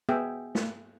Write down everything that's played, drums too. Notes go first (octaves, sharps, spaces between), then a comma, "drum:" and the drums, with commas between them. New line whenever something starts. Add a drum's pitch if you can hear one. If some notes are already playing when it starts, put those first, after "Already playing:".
B3 G#4 E5 G5
drum: snare